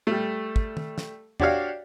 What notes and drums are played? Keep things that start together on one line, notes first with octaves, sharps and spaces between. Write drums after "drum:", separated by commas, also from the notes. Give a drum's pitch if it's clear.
G3 A3
drum: kick
drum: tom
drum: snare
D4 F#4 G4 C#5 D5 F5, drum: tom E2